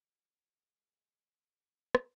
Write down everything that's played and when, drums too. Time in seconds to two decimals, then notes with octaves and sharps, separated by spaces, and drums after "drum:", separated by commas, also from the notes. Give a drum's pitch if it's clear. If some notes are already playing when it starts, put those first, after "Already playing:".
Already playing: F#3
0.57 G#3
1.26 G#3
1.95 drum: rim click